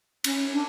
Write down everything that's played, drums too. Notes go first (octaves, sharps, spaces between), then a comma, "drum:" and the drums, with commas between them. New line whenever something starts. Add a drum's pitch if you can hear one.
C#4, drum: cymbal
D4